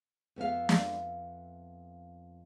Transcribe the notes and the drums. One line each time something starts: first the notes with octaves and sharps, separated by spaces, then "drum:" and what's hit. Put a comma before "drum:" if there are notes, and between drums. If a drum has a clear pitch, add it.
F2 B3 E5 F5
drum: snare